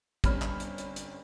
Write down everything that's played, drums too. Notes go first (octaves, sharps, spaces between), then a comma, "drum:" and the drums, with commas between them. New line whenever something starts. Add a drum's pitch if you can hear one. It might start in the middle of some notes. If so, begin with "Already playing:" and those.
G1 G3 C4 C#4 B5 F6, drum: kick, hi-hat
drum: clap
drum: hi-hat
drum: hi-hat
drum: hi-hat